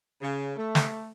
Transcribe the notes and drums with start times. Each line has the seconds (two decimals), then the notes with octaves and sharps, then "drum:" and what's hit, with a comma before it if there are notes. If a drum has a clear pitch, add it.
0.22 C#3
0.56 A3
0.75 drum: snare